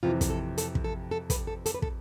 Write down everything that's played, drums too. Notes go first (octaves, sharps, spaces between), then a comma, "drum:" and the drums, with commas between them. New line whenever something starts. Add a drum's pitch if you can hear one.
F2 C3 E3 F4
drum: kick, hi-hat
A4
A4, drum: hi-hat
drum: kick
A4
A4
B4, drum: kick, hi-hat
A4
A4, drum: hi-hat
B4
A4, drum: kick